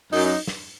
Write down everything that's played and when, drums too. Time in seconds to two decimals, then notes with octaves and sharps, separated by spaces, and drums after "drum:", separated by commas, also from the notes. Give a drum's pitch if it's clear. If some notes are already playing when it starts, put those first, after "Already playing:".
0.13 F#2 D#4, drum: open hi-hat
0.26 D#4
0.48 drum: snare